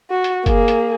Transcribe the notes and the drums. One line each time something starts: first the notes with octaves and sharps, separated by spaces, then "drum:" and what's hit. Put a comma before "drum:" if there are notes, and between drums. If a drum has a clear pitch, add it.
F#4
drum: hi-hat
A#3 G#4, drum: kick, hi-hat
drum: hi-hat